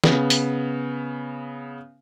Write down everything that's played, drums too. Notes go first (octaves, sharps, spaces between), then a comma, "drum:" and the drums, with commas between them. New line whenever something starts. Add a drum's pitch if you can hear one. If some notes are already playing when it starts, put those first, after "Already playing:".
C#3 B3, drum: snare
drum: hi-hat